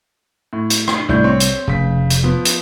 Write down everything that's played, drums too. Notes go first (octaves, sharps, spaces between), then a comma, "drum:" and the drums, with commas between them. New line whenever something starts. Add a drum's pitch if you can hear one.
A2
drum: hi-hat
drum: rim click
C2 A2 D4 G6
C4 C#5 C6
drum: hi-hat
F1 C#3 B6
drum: hi-hat
F3 B3
drum: hi-hat